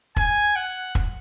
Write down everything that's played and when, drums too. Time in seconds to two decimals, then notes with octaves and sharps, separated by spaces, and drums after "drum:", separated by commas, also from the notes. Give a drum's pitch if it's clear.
0.16 G#5, drum: kick
0.56 F#5
0.95 drum: kick